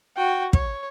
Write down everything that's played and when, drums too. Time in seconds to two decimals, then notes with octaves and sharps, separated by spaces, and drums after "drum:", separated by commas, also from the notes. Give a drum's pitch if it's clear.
0.16 F#4 G5
0.53 C#5, drum: kick